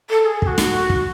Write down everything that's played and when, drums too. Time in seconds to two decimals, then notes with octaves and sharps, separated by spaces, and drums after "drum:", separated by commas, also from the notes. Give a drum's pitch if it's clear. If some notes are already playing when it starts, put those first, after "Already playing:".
0.10 A4
0.25 G#4
0.42 G#4, drum: kick
0.46 F#4
0.58 drum: snare
0.90 drum: kick